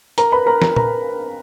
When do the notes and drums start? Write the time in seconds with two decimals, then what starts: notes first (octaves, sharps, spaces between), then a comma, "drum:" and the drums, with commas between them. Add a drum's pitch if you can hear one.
0.18 A#4 A#5, drum: hi-hat
0.32 B4 B5
0.46 A#4 A#5
0.62 A#4 A#5, drum: snare
0.76 A#4 A#5, drum: tom A#2